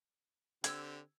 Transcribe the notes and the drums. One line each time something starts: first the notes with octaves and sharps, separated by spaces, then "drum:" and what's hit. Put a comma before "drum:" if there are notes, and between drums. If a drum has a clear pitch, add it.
D3 C4 G4 E6 G#6, drum: hi-hat